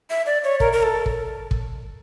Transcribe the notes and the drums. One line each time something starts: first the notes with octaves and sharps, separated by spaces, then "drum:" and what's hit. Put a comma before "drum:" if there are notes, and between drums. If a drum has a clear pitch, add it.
E5
D5
C#5
A#4, drum: kick
A#4
A4
drum: kick
drum: kick